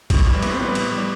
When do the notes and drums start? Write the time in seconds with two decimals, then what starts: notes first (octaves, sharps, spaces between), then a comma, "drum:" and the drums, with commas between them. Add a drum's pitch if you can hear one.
0.10 A2, drum: kick, cymbal
0.27 E3 G3
0.42 A2 B3, drum: cymbal
0.51 C4
0.60 E3 G3 B3
0.75 A2, drum: cymbal
0.92 G3